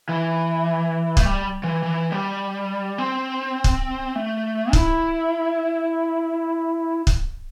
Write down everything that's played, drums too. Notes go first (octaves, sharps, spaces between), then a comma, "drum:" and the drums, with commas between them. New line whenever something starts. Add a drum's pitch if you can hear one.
E3
A3, drum: kick
G3
E3
E3
G3
C4
drum: kick
A3
E4, drum: kick
drum: kick